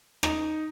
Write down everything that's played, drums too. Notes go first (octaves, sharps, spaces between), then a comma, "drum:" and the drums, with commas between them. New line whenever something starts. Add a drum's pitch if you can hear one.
D#4, drum: rim click